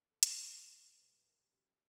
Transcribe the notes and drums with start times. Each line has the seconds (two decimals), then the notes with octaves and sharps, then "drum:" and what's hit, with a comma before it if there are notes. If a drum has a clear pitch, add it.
0.10 A4
0.23 A#4, drum: hi-hat
0.37 B4
0.50 A#2 G3 C5
0.95 B4
1.01 A#2 G3 C5
1.14 B4
1.27 A#4
1.39 G4
1.52 C#3 F#3 G4